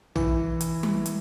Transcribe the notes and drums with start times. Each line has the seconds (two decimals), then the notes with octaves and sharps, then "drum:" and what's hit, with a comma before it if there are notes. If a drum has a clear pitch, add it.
0.15 E3, drum: tom A#1
0.61 drum: hi-hat
0.83 drum: tom G3
1.06 drum: hi-hat